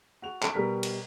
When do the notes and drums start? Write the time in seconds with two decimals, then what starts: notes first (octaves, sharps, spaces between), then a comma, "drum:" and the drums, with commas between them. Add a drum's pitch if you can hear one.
0.22 F#4 F7
0.43 drum: clap
0.54 B2 G3 A#4 B6
0.83 drum: cymbal